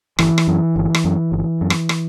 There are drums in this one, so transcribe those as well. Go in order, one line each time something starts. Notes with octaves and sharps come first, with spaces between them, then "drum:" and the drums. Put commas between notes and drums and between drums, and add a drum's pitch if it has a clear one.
G1 E3, drum: rim click
drum: rim click
F#2
G1
drum: rim click
F#2
G1
F#2
drum: rim click
drum: rim click